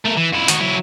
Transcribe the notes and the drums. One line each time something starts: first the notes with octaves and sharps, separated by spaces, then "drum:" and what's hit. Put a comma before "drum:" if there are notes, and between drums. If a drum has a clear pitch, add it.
A3 A#4
E3
F2 E4
D#3 F#4, drum: hi-hat
F#3 E4